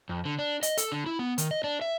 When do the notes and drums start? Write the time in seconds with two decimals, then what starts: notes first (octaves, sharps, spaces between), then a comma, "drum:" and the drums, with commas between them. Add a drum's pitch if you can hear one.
0.09 F2
0.25 D3
0.39 D4
0.63 D#5, drum: hi-hat
0.78 A4, drum: hi-hat
0.92 D3
1.06 E4
1.19 B3
1.38 D#3, drum: hi-hat
1.51 D#5
1.64 D4
1.81 E5